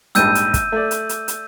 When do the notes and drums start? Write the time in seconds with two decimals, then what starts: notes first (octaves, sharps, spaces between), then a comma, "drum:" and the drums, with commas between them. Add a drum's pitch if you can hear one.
0.15 A#1 G#2 G3 E6 G6 D#7, drum: hi-hat
0.35 drum: hi-hat
0.54 drum: kick, hi-hat
0.72 A3 D5
0.91 drum: hi-hat
1.09 drum: hi-hat
1.28 drum: hi-hat